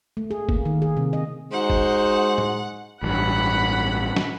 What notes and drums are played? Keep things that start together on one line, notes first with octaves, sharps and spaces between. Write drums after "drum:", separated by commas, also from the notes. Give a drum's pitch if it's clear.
A3
G#4
A#3, drum: kick F#1
D#3
G#4
C3
D#5
G#3 D#4 F#4 C5 F#5
drum: kick F#1
drum: tom
A1 G2 F#5 B5
drum: snare